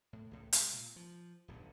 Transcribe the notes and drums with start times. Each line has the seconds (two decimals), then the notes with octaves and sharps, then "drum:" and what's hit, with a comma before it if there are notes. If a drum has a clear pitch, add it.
0.13 A2
0.31 C#2 A2
0.53 C3 G#3, drum: hi-hat
0.73 A#2
0.96 F3
1.48 D#1 B1 G2 D3